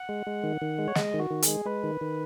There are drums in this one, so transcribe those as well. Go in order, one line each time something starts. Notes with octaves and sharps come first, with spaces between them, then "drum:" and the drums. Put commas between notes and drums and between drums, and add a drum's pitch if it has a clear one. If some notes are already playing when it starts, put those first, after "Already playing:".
Already playing: F#5
G#3
G#3
D#3
D#3
G#3
C#5
G#3 D#5, drum: snare
D#3
F#4
D#3
G#4, drum: hi-hat
G#3
G#3 B4
D#3
D#3